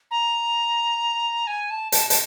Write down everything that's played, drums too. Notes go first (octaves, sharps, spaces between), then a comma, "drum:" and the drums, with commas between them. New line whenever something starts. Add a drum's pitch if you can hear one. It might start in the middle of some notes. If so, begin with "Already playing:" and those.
A#5
G#5
A5
A5, drum: hi-hat
A5, drum: hi-hat